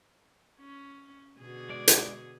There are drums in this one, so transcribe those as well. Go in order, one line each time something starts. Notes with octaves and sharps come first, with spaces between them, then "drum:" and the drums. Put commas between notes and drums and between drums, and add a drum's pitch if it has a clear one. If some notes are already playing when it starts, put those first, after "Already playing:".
C#4
B2 D3 G#4
G#3 D5
drum: hi-hat